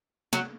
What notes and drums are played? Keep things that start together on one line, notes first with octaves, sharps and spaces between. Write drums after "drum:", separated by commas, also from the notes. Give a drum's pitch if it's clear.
F#3, drum: snare